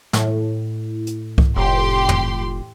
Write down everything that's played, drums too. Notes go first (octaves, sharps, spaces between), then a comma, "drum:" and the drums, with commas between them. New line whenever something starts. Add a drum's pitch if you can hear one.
A2, drum: snare
drum: hi-hat
drum: kick C2
F1 A2 G4 C6
drum: tom